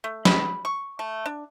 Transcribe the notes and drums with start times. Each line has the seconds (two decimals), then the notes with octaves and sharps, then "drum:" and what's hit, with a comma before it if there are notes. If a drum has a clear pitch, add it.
0.04 A3
0.25 B5, drum: snare
0.65 C#6
0.99 A3
1.26 D4